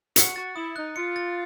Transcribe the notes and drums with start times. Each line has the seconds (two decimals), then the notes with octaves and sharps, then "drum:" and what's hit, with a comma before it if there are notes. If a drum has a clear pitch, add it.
0.16 F#4 C#7, drum: hi-hat
0.36 F#4 A6
0.55 E4 D#6
0.76 D#4 F#6
0.96 F4 C#7
1.16 A6